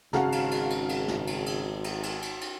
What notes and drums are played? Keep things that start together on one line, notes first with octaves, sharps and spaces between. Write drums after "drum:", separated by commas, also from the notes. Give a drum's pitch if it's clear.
G#1 C#3 F#4 F5 F#5 A5 A#5, drum: snare
drum: cymbal
drum: cymbal
drum: cymbal
drum: cymbal
drum: snare
drum: cymbal
drum: cymbal
drum: cymbal
drum: cymbal
drum: cymbal
drum: cymbal